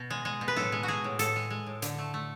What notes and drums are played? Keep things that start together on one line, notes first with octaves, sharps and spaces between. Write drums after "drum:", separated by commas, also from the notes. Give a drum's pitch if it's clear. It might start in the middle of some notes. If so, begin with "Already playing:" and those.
Already playing: B2
G#3
G#3
B2
B4
A2 A4, drum: snare
G#3
F#4
G#3 G#4
A2
A2 A4, drum: hi-hat
G#3
G#3
A2
D3, drum: hi-hat
A3
A3